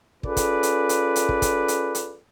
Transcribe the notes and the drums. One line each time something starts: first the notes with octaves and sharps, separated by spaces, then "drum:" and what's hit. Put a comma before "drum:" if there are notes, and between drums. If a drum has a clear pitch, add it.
C#4 F4 G#4 A4 B4 D5, drum: kick
drum: kick, hi-hat
drum: hi-hat
drum: hi-hat
drum: hi-hat
drum: kick
drum: kick, hi-hat
drum: hi-hat
drum: hi-hat